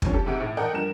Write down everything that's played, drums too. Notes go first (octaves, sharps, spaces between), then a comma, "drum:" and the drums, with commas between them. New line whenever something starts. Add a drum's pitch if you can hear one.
D2 G2 F3 C#4, drum: kick
G4 A4
G#2 C3 G4 F#5 D7
A2
A4 A#4 D5 D#5 F#5 G5
G2 F3 A#4 E7